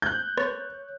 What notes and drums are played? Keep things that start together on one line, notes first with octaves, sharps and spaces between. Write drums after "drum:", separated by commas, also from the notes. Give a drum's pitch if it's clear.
F#6 G6
C#5, drum: rim click